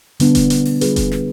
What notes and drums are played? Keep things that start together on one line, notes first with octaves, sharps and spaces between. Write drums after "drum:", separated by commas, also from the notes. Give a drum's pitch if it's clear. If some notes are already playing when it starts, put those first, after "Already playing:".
D3 G3 B3 D4, drum: hi-hat
drum: kick F1, hi-hat
drum: hi-hat
drum: open hi-hat
G3 D4 F4 G#4 B4, drum: hi-hat
drum: kick F1, hi-hat
drum: snare